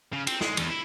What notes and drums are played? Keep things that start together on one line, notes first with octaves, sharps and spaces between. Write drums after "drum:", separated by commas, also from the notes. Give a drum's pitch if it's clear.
C#3
C4, drum: cymbal
G#3, drum: snare
E2, drum: cymbal
E4